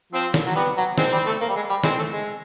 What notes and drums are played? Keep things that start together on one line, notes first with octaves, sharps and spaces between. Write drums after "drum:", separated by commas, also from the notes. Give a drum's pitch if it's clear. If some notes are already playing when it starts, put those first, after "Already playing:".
F3 C4
drum: snare
F#3
G3 B3
F#3
G#3 C4, drum: snare
G3
A3
A#3
G3
G#3
G3
G#3 C4, drum: snare
A3
G#3